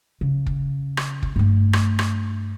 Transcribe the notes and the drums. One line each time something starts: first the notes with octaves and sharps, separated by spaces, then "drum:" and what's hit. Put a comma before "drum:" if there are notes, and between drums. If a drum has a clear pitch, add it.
C#3
drum: kick
drum: rim click
drum: kick
G2 A3
drum: rim click
drum: rim click